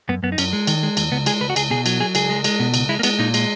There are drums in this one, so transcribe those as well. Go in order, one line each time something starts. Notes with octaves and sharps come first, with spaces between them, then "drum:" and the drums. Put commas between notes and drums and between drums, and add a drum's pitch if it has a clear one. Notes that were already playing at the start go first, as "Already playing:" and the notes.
F#2 B3
F#2 B3
D#4
F#2 C#4, drum: cymbal
G#3
D#3, drum: cymbal
G#3
D#2, drum: cymbal
C#2 B3
G#3 G#4, drum: cymbal
C#2 B4
F#4
C#2 G#4, drum: cymbal
B2 G#4
F#3, drum: cymbal
F#3 G#4
C#2 G#4, drum: cymbal
G#3
G#3, drum: cymbal
B2
C#2, drum: cymbal
G#3 E4
A#3
G#3 B3, drum: cymbal
A#2 D#4
G#3, drum: cymbal